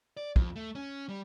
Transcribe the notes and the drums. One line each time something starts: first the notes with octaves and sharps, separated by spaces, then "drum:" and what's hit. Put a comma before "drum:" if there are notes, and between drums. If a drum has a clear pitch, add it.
D5
F2, drum: kick
A3
C#4
G3